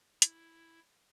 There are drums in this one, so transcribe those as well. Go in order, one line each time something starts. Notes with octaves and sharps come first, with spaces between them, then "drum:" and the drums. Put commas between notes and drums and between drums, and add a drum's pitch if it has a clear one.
E4, drum: hi-hat